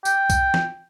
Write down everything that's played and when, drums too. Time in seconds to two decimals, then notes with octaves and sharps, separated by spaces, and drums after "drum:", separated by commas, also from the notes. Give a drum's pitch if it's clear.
0.05 G5, drum: tambourine
0.30 drum: kick B1, tambourine
0.54 drum: snare